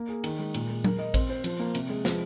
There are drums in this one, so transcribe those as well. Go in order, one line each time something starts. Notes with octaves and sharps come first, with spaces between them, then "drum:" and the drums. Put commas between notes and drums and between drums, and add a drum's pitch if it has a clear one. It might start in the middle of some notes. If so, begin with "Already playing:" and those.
Already playing: A#3
G#4
D#3, drum: cymbal
G#3
A#2, drum: cymbal
G#3
A#4, drum: tom F#3
D#5
C4, drum: kick A1, cymbal
C5
F3, drum: cymbal
A#3
C3, drum: cymbal
G#3
F3, drum: snare